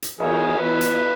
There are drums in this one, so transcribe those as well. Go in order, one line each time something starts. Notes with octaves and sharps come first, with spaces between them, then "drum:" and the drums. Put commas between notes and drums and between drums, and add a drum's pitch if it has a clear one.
drum: hi-hat
E3 B3 D#4 G#4 A#4 C#5, drum: cymbal
E3 B3 E4 B4
drum: hi-hat